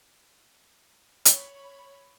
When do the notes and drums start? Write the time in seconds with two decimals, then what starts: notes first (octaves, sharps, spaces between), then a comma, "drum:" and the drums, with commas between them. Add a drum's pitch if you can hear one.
1.25 C#5 B5, drum: hi-hat